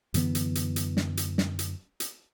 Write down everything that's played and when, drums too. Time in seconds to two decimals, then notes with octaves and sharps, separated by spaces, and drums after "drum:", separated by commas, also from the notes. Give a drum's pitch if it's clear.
0.14 F#2 D3 E3 B3, drum: hi-hat
0.35 drum: hi-hat
0.55 drum: hi-hat
0.76 drum: hi-hat
0.97 drum: snare
1.17 drum: hi-hat
1.38 drum: snare
1.59 drum: hi-hat
2.00 drum: hi-hat